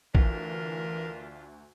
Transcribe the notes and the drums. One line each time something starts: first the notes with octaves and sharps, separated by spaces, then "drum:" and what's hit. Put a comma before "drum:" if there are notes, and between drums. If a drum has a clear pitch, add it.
D2 E3 A3 D4 F4 A#4, drum: kick